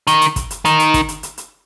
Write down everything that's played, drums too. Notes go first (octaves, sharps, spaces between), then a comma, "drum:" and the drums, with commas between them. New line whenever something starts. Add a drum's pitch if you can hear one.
D#3, drum: hi-hat
drum: hi-hat
drum: kick, hi-hat
drum: hi-hat
D#3, drum: hi-hat
drum: hi-hat
drum: kick, hi-hat
drum: hi-hat
drum: hi-hat
drum: hi-hat